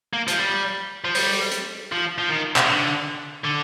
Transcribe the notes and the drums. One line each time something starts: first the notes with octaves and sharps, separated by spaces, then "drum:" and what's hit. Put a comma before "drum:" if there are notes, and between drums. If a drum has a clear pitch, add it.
A#3
F3, drum: hi-hat
G3
F3
G3, drum: open hi-hat
drum: hi-hat
F3
F3
D#3
C3, drum: clap
D3
D3